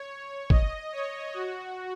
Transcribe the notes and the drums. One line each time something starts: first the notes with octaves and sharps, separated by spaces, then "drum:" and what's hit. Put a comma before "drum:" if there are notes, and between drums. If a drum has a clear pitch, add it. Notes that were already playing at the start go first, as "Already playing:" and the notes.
Already playing: C#5
D#5, drum: kick
C#5
F#4